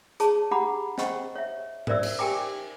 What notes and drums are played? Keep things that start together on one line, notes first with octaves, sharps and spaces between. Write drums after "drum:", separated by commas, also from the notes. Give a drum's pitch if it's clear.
G#4 C#5 A5, drum: hi-hat
D4 G4 F#5 A#5 B5 D6
C5 D#5 F#5 G5 C#6, drum: snare
C#5 E5
C#4 A#4 C5 D5 E5 E6, drum: tom G#2
drum: cymbal
G4 A#4 G5 G#5 D6